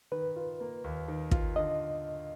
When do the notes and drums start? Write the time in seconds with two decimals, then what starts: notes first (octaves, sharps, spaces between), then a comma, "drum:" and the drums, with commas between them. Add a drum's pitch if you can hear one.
0.12 D#3 B4
0.36 F4
0.60 A#3
0.84 D#2
1.08 D#3
1.31 F4, drum: kick
1.56 D3 D#5